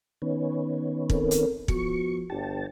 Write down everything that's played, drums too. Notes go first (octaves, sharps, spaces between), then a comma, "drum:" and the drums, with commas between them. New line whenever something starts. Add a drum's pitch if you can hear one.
D#3 B3 C#4
C4 A4 A#4, drum: kick
drum: hi-hat
F3 B3 F#4 C#6, drum: kick
G1 G4 A5